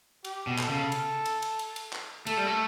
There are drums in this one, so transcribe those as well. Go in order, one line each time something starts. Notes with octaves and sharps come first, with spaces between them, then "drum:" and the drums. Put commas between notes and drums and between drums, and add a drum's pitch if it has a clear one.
G4, drum: cymbal
B2
A4, drum: clap
C#3
drum: cymbal
drum: cymbal
drum: cymbal
drum: cymbal
drum: cymbal
drum: clap
A3 A4, drum: cymbal
G3
A3